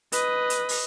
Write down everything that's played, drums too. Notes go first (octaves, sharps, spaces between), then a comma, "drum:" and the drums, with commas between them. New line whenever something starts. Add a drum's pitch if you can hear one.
B4 D#5, drum: hi-hat
drum: hi-hat
drum: open hi-hat